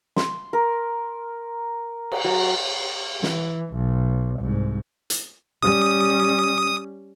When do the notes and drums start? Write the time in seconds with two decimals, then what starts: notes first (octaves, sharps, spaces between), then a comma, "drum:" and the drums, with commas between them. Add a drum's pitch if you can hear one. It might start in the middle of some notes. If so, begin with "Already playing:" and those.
0.16 C6, drum: snare
0.53 A#4
2.12 drum: cymbal
2.24 F#3
3.23 E3, drum: snare
3.73 B1
4.40 C2 G#2
5.10 drum: hi-hat
5.62 G3 C#4 D#6